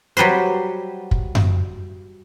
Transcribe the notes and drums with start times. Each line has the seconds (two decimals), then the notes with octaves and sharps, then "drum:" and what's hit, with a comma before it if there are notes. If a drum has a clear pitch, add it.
0.17 F#3 G3 B4 C5
1.11 drum: kick
1.35 drum: tom F#2